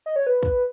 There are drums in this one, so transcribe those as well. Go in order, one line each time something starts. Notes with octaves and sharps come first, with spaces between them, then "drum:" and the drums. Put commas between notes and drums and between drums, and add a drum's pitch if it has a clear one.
D#5
C#5
B4
drum: kick